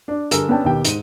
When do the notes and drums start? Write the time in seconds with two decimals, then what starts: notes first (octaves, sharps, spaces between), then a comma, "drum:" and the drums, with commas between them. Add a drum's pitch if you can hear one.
0.08 D4
0.31 G2 D3 G#4 A#4 E6, drum: hi-hat
0.49 B3 C#4 D4 G5 A5
0.64 D#2 B2 D#3 G4 G5
0.85 G#2 D#7, drum: hi-hat